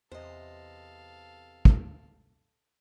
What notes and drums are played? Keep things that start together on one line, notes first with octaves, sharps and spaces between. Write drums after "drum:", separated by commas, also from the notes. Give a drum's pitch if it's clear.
E2 C3 A4 C5 D#5 F5
drum: kick